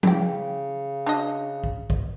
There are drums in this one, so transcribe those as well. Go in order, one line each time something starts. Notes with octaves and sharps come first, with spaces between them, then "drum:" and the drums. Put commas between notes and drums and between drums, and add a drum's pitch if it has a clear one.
C#3 E3 G4, drum: tom F3
D4 F#4 D#5
drum: kick
drum: kick